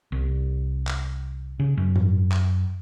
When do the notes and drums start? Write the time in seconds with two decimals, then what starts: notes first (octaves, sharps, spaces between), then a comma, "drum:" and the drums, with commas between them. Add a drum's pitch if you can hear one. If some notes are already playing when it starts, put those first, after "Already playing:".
0.12 C2
0.87 drum: clap
1.60 C#3
1.77 F#2
1.96 drum: tom G#2
2.32 drum: clap